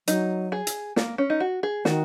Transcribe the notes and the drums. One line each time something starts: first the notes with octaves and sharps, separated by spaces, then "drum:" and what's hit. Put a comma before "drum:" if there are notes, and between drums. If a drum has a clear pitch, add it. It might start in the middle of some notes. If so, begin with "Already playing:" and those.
F#3 D#4, drum: hi-hat
G#4
drum: hi-hat
A#3, drum: snare
C#4
D#4
F#4
G#4
D#3 F#4, drum: snare